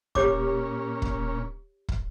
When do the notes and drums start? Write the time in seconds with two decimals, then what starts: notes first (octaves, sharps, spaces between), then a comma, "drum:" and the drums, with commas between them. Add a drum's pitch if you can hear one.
0.15 A#2 C#4 G4 C#5 D6, drum: kick
1.02 drum: kick
1.88 drum: kick